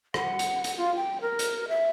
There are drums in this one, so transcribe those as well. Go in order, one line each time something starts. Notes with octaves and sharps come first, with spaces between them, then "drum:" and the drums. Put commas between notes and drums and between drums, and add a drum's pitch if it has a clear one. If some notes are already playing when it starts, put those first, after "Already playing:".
F#5, drum: rim click
drum: hi-hat
drum: hi-hat
F4
G5
A#4
drum: hi-hat
E5